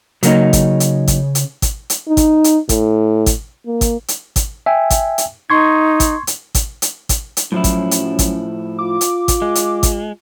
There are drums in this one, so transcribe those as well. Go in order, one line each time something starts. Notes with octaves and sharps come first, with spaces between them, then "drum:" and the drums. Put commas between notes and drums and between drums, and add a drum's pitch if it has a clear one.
C#3 F#3 A#3 D#4 C#5, drum: hi-hat
drum: kick, hi-hat
drum: hi-hat
drum: kick, hi-hat
drum: hi-hat
drum: kick, hi-hat
drum: hi-hat
D#4
drum: kick, hi-hat
drum: hi-hat
A2, drum: kick, hi-hat
drum: kick, hi-hat
A#3
drum: kick, hi-hat
drum: hi-hat
drum: kick, hi-hat
E5 G5 G#5
drum: kick, hi-hat
drum: hi-hat
D#4 C6 C#6 G#6
drum: kick, hi-hat
drum: hi-hat
drum: kick, hi-hat
drum: hi-hat
drum: kick, hi-hat
drum: hi-hat
A2 F3 F#3 C#4 E4
drum: kick, hi-hat
drum: hi-hat
drum: kick, hi-hat
F4 D6
drum: hi-hat
drum: kick, hi-hat
G#3
drum: hi-hat
drum: kick, hi-hat